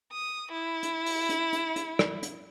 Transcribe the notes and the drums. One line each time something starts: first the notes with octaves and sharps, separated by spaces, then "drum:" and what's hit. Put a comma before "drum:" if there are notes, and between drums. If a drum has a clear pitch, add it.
D#6
E4
drum: hi-hat
drum: open hi-hat
drum: hi-hat
drum: hi-hat
drum: hi-hat
drum: rim click
drum: hi-hat